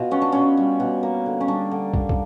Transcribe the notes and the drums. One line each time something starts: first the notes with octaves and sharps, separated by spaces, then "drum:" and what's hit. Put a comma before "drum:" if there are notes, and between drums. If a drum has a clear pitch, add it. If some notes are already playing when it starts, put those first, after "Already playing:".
Already playing: B2 F4
B3 C#4
D4
B2 C#4
G3
B2
A#3
D3
C#4
G3 D4
D3
A#3, drum: kick
drum: kick